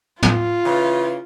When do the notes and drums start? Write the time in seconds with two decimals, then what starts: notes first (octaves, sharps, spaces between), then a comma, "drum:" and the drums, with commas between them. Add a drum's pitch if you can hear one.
0.23 F4, drum: tom
0.65 C#3 E3